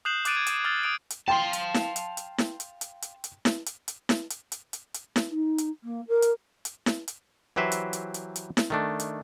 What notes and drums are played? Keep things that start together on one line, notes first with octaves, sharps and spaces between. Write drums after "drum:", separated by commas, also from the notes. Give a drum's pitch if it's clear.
D#6 F#6 G6 C7 E7 F#7
D6 F#6 A6 D7 D#7, drum: hi-hat
G#6
drum: hi-hat
D#6 F6 A6
D#6 D7
drum: hi-hat
F5 G5 A5 C6
drum: hi-hat
drum: snare E4
drum: hi-hat
drum: hi-hat
drum: snare E4
drum: hi-hat
drum: hi-hat
drum: hi-hat
drum: hi-hat
drum: snare E4
drum: hi-hat
drum: hi-hat
drum: snare E4
drum: hi-hat
drum: hi-hat
drum: hi-hat
drum: hi-hat
drum: snare E4
D#4
drum: hi-hat
A#3
A#4
drum: hi-hat
drum: hi-hat
drum: snare E4
drum: hi-hat
E3 F#3 G4 B4 C5 E5
drum: hi-hat
drum: hi-hat
drum: hi-hat
drum: hi-hat
drum: snare E4
D#3 A3 D4
drum: hi-hat